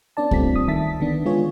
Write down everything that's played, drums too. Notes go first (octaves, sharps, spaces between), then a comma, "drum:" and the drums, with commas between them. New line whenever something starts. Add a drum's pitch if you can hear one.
B3 C#4 D4 D5 A5
G3 A3 C4 F4 B6, drum: kick C2
D#6
D#3 E5 A5 A6 B6
D3 D#3 B3 D4
D3 G#3 B3 F4 G#4 C#5